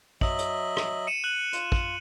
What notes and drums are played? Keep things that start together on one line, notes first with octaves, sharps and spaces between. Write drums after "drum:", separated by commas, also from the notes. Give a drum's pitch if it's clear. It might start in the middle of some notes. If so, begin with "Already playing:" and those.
F#3 D#5 E5 F#7, drum: kick
drum: hi-hat
drum: rim click
C#7 D#7 E7
F#6 D#7 F#7
F4, drum: hi-hat
drum: kick